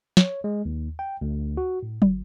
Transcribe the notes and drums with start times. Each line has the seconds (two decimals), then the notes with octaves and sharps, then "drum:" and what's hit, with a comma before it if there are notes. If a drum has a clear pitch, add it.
0.17 C#5, drum: snare
0.44 G#3
0.65 D#2
0.99 G5
1.21 D2
1.57 F#4
1.83 A2
2.02 G1, drum: tom